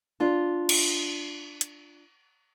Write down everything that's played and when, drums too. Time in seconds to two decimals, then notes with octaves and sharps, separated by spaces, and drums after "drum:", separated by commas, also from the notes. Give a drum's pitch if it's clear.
0.20 D4 F4
0.69 drum: cymbal
1.61 drum: hi-hat